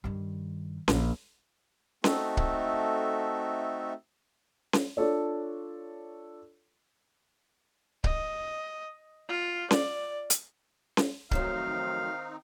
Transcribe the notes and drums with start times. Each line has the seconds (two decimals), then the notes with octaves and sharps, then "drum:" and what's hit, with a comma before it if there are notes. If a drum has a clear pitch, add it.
0.04 G2 D#3
0.88 A#1, drum: snare C#4
2.04 A3 C4 D#4 F#4 A4 E5, drum: snare C#4
2.37 drum: kick C#1
4.73 drum: snare C#4
4.97 D4 F4 A4 C#5
8.04 D#5, drum: kick C#1
9.28 F4
9.71 D5, drum: snare C#4
10.30 drum: hi-hat
10.97 drum: snare C#4
11.31 F2 D#3 F#3 A3 C4 D#4 F5, drum: kick C#1